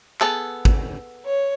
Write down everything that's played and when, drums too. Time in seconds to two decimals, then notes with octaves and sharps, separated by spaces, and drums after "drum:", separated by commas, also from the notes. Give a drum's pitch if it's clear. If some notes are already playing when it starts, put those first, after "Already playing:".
0.21 B3 G#4 A4, drum: clap
0.65 drum: kick G#1
1.25 C#5